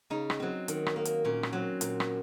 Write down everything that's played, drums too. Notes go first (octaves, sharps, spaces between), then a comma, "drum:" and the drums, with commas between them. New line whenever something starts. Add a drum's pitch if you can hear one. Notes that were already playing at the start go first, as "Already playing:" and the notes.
C#3 D#4
drum: rim click
F#3 C4
D#3, drum: hi-hat
drum: rim click
A#3
drum: hi-hat
A#2 C#4
drum: rim click
F#3 C4
A#2, drum: hi-hat
drum: rim click